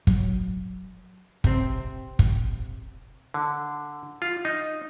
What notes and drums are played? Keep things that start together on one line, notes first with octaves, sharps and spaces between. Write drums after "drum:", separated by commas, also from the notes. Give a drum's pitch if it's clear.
F#3, drum: kick
C3 C4, drum: kick
drum: kick
D3
F4
D#4